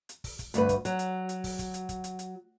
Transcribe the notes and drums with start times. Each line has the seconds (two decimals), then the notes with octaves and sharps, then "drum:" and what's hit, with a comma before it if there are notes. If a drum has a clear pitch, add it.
0.09 drum: hi-hat
0.24 drum: kick, open hi-hat
0.39 drum: kick, hi-hat
0.54 D2 G2 B4, drum: hi-hat
0.69 drum: kick, hi-hat
0.85 F#3, drum: hi-hat
0.99 drum: hi-hat
1.29 drum: hi-hat
1.44 drum: kick, open hi-hat
1.59 drum: kick, hi-hat
1.74 drum: hi-hat
1.89 drum: kick, hi-hat
2.04 drum: hi-hat
2.19 drum: hi-hat